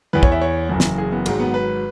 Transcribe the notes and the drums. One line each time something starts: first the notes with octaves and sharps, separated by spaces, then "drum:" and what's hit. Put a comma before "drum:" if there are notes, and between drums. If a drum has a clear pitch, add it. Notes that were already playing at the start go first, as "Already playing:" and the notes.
E2 E3 B4
C#5, drum: kick
E5
C#5
F#1 F#2 E3
drum: snare
G#4
B3
G#1 G#2 F#3 G#3, drum: cymbal
B3
B4